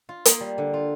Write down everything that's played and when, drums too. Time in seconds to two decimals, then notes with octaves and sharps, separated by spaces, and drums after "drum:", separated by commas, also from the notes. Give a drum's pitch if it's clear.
0.09 F4
0.25 A#3, drum: hi-hat
0.40 G3
0.58 D3
0.74 F4